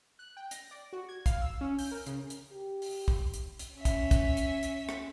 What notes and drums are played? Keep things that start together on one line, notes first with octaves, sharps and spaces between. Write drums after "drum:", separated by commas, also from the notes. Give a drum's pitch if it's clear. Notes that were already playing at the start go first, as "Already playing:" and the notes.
F#6
G5
A#6, drum: hi-hat
D5
F#4
G#6
F5, drum: kick, hi-hat
E6
C#4
G6, drum: open hi-hat
A#4
C#3, drum: hi-hat
drum: hi-hat
G4
drum: open hi-hat
drum: kick
drum: hi-hat
drum: hi-hat
C#4 E5
drum: kick, hi-hat
drum: kick, hi-hat
drum: hi-hat
drum: hi-hat
drum: rim click